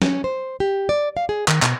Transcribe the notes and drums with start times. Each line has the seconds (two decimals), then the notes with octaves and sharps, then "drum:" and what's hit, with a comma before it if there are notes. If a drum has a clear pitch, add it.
0.02 C#4, drum: snare
0.24 C5
0.60 G4
0.89 D5
1.17 F5
1.29 G#4
1.48 D#3, drum: clap
1.62 B2, drum: clap